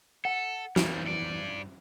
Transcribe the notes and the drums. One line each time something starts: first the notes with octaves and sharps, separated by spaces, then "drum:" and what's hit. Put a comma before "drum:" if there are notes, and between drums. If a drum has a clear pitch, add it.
A4 F#5
E2 G3 A#3, drum: snare
G2 D5